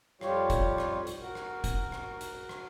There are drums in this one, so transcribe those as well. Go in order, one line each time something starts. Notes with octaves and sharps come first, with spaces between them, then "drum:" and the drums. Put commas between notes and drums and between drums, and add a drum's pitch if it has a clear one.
F2 G3 F4 G4 C#5, drum: rim click
drum: kick, hi-hat
drum: rim click
drum: hi-hat
F#4 A#4
drum: rim click
drum: kick, hi-hat
drum: rim click
drum: hi-hat
drum: rim click